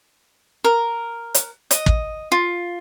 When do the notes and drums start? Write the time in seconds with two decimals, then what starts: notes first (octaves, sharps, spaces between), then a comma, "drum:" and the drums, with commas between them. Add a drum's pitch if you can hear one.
0.64 A#4
1.34 drum: hi-hat
1.71 D#5, drum: hi-hat
1.86 drum: kick
2.32 F4